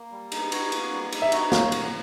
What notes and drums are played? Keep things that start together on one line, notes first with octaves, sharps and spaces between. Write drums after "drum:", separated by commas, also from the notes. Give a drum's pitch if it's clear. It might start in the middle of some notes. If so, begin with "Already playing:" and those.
Already playing: A#3
G3
D#4, drum: cymbal
F#4, drum: cymbal
A#3, drum: cymbal
G3
D#4, drum: cymbal
E5
F#4, drum: cymbal
A#3 F5, drum: snare
drum: cymbal